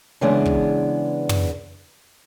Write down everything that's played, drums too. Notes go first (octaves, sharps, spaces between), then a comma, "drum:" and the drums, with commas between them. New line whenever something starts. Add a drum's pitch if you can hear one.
C#3 E3 G#3 B3 D4
drum: kick
drum: tom